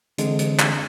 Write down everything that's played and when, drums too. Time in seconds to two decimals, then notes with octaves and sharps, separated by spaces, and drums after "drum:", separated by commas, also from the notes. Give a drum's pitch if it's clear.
0.18 D3 E3 G#3 C4, drum: hi-hat
0.39 drum: hi-hat
0.59 drum: clap